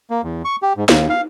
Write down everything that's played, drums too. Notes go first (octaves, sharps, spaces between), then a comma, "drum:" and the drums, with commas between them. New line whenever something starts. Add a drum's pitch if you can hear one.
A#3
E2
C#6
G4
G#2
D#2, drum: snare
F5